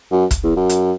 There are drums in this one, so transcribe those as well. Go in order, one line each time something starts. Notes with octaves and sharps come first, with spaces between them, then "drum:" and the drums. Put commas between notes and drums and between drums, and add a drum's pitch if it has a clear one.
F#2
drum: kick, hi-hat
E2
F#2
drum: hi-hat